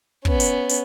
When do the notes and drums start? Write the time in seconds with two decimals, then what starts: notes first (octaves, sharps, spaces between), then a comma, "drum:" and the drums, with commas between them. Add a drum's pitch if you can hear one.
0.25 B3 C#4, drum: kick
0.40 drum: hi-hat
0.69 drum: hi-hat